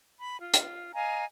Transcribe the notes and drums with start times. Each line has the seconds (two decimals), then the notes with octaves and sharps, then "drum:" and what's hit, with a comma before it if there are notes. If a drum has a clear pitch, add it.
0.19 B5
0.40 F4
0.54 drum: hi-hat
0.94 D#5 F5 G#5 A#5